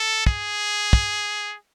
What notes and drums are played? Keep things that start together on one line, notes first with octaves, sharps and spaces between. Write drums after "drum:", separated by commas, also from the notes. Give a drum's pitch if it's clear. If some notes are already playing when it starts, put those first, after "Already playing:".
Already playing: A4
G#4, drum: kick
drum: kick